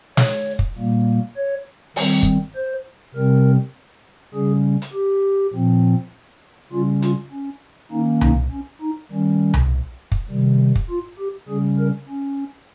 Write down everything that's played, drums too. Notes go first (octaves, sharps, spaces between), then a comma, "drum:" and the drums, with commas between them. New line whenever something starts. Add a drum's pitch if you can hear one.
C#5, drum: snare
drum: kick
A#2 G3 A#3
C#5
D#3 G3 C4, drum: open hi-hat
drum: kick
C5
C3 G3 C4 A#4
C#3 G3 C#4 G#4
drum: hi-hat
G4
A#2 F3 C4
C#3 G3 C#4 F4
F4, drum: hi-hat
C#4
D#3 A#3 C#4 D#4
D#4, drum: tom C2
C#4
D#4
D#3 G3 C#4
drum: tom C2
drum: kick
C3 D#3 G3
drum: kick
F4
G4
C#3 G3 C#4 G#4
A#4
C#4